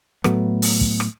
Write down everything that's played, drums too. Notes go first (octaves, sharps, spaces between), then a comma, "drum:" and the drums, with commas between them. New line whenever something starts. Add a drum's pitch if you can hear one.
A2 F#3 A3 B3, drum: rim click
drum: open hi-hat
drum: kick
drum: rim click